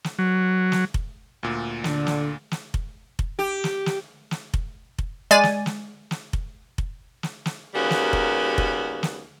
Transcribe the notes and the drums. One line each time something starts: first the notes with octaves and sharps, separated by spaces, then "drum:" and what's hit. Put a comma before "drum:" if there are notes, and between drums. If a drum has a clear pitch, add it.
drum: snare
F#3
drum: snare
drum: kick F1
D2 A#2
D3, drum: snare
drum: snare
drum: snare
drum: kick F1
drum: kick F1
G4
drum: snare
drum: snare
drum: snare
drum: kick F1
drum: kick F1
G#3 D5 G#5 A6
drum: snare
drum: snare
drum: snare
drum: kick F1
drum: kick F1
drum: snare
drum: snare
D#2 C#3 G3 B3 F#4 A#4
drum: snare
drum: kick F1
drum: kick F1
drum: snare